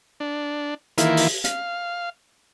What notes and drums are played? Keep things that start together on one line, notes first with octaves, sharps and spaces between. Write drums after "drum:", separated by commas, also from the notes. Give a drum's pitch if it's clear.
D4
D#3 E3 A#3 E4 F4, drum: hi-hat
drum: open hi-hat
F5, drum: hi-hat